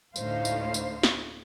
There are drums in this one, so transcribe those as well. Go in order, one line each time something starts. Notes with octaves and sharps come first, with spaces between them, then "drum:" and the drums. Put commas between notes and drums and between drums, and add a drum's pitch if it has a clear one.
D2 A2 A3 D#4 C5 F5, drum: tambourine
drum: tambourine
drum: tambourine
drum: snare